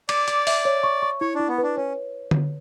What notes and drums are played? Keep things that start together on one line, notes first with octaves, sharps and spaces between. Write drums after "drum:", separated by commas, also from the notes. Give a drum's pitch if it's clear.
D5 D6, drum: cymbal
D6, drum: hi-hat
E5, drum: open hi-hat
C#5
C#6
C#6
E4 C#5
D4 E4
B3
D4 B4
C#4 C#5
drum: tom D3